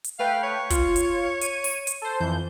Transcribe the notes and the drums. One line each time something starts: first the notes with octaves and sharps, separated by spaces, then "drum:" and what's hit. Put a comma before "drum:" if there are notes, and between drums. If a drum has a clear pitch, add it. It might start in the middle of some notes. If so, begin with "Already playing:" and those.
drum: hi-hat
A3 B4 F5 G5
C#5
F4, drum: kick, hi-hat
drum: hi-hat
D#7, drum: hi-hat
drum: open hi-hat
drum: hi-hat
A4 C5
F2 E3 G6